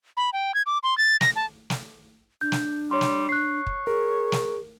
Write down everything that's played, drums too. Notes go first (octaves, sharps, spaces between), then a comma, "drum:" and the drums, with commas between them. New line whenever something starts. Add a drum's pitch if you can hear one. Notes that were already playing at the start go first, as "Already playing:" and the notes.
B5
G5
G#6
D6
C6
A6
A#6, drum: snare
A5
drum: snare
D4 G6
drum: snare
G3 C#5 C6
drum: snare
C#5 F#6 C7
drum: kick
G#4 A#4
drum: snare